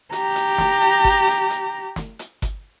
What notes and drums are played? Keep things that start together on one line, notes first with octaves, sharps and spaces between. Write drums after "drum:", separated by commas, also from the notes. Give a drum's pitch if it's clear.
G4 A#5, drum: hi-hat
drum: hi-hat
drum: snare
drum: hi-hat
drum: kick G1, hi-hat
drum: hi-hat
drum: hi-hat
drum: snare
drum: hi-hat
drum: kick G1, hi-hat